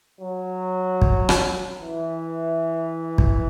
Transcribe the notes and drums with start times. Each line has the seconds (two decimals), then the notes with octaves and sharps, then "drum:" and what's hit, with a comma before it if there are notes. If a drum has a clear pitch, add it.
0.20 F#3
1.02 drum: kick
1.29 drum: rim click
1.82 E3
3.18 drum: kick